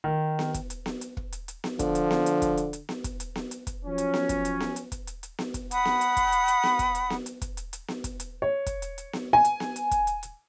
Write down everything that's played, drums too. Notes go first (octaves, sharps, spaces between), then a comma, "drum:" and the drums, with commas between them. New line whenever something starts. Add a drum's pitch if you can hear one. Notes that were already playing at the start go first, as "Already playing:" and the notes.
D#3
drum: snare B3
drum: kick, hi-hat
drum: hi-hat
drum: snare B3
drum: hi-hat
drum: kick
drum: hi-hat
drum: hi-hat
drum: snare B3
D3 F3, drum: kick, hi-hat
drum: hi-hat
drum: snare B3
drum: hi-hat
drum: kick, hi-hat
drum: hi-hat
drum: hi-hat
drum: snare B3
drum: kick, hi-hat
drum: hi-hat
drum: snare B3
drum: hi-hat
drum: kick, hi-hat
F3 F#3 C#4
drum: hi-hat
drum: snare B3
drum: kick, hi-hat
drum: hi-hat
drum: snare B3
drum: hi-hat
drum: kick, hi-hat
drum: hi-hat
drum: hi-hat
drum: snare B3
drum: kick, hi-hat
F#5 B5 D#6, drum: hi-hat
drum: snare B3
drum: hi-hat
drum: kick, hi-hat
drum: hi-hat
drum: hi-hat
drum: snare B3
drum: kick, hi-hat
drum: hi-hat
drum: snare B3
drum: hi-hat
drum: kick, hi-hat
drum: hi-hat
drum: hi-hat
drum: snare B3
drum: kick, hi-hat
drum: hi-hat
C#5
drum: kick, hi-hat
drum: hi-hat
drum: hi-hat
drum: snare B3
G#5
drum: hi-hat
drum: snare B3
drum: hi-hat
drum: kick, hi-hat
drum: hi-hat
drum: hi-hat